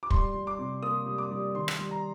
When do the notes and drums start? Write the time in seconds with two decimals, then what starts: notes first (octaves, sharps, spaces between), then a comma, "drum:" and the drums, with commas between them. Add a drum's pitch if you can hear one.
0.03 D6
0.10 G3 C6, drum: kick
0.34 G3
0.47 D6
0.59 C3
0.82 A#3 D#6
1.06 G3
1.18 D6
1.31 G3
1.55 D#3 C6
1.68 drum: rim click
1.79 G3
1.91 A#5